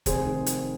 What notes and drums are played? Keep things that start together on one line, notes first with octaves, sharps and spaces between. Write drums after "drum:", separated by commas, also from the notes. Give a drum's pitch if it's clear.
F1 G#4 C5, drum: kick, hi-hat
D#3
drum: hi-hat